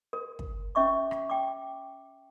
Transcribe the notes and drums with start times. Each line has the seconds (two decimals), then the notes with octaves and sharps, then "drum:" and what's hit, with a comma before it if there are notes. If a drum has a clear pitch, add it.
0.13 A#4
0.39 drum: kick
0.75 C#4 E5 C#6 D6
1.11 drum: rim click
1.30 G5 D6